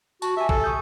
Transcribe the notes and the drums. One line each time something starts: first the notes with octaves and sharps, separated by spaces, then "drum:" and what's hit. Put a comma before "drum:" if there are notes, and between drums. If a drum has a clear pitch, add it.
F#4 A5, drum: tambourine
G4 E5 G#5
A4, drum: kick
C#6 D#6 G6